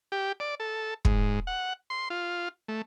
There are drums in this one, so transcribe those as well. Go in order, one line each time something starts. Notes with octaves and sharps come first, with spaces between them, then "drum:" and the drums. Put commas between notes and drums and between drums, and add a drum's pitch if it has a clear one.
G4
D5
A4
G#2, drum: kick
F#5
C6
F4
A3